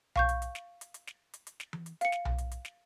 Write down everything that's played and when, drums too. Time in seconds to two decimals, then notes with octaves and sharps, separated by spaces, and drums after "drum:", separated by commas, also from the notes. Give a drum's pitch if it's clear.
0.16 F5 C#6 G6, drum: tom B1
0.29 drum: hi-hat
0.42 drum: hi-hat
0.55 drum: snare
0.81 drum: hi-hat
0.94 drum: hi-hat
1.07 drum: snare
1.34 drum: hi-hat
1.47 drum: hi-hat
1.60 drum: snare
1.73 drum: tom E3
1.86 drum: hi-hat
2.01 F5 C#7, drum: hi-hat
2.12 drum: snare
2.25 drum: tom B1
2.38 drum: hi-hat
2.52 drum: hi-hat
2.65 drum: snare